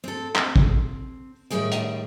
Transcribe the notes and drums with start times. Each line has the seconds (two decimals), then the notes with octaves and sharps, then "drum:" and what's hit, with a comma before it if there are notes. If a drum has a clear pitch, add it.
0.04 C4 A4
0.36 C4, drum: clap
0.56 drum: kick
1.50 A2 D#3 G3 G#4 G5
1.72 drum: hi-hat